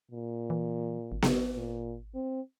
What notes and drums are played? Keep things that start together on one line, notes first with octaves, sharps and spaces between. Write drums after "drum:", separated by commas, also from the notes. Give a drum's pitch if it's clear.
A#2
E3
G#1
drum: snare B3
A#2
C4